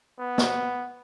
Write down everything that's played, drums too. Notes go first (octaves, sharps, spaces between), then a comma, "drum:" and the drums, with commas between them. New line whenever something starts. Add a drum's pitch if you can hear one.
B3
drum: snare